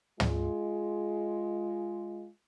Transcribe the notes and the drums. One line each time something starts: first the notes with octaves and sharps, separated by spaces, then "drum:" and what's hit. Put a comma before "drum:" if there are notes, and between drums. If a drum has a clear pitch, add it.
G#3 F4, drum: tom